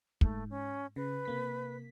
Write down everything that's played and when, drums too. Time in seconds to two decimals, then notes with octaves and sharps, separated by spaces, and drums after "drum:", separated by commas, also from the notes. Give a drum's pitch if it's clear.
0.21 G#2 A3, drum: kick
0.50 C#4
0.96 C#3 B4
1.25 C3 A#3 B6